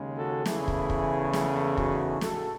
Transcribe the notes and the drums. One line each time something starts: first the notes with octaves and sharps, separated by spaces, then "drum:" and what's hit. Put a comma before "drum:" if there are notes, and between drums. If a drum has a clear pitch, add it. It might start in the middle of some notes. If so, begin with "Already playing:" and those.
Already playing: D#2 C#3 G#3
F#4 A4
E2 C#3 E3 A3 E4 G#4, drum: snare
drum: kick
drum: kick
E4 G#4, drum: snare
D#4 F#4, drum: kick
A2 G#3 F#4 A4, drum: snare